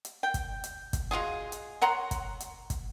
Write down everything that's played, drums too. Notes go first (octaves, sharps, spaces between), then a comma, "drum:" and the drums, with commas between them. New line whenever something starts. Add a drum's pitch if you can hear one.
drum: hi-hat
G5
drum: kick, hi-hat
drum: hi-hat
drum: kick, hi-hat
G#3 F4 F#4 G#4
drum: hi-hat
C#5 F#5 A#5 C6
drum: kick, hi-hat
drum: hi-hat
drum: kick, hi-hat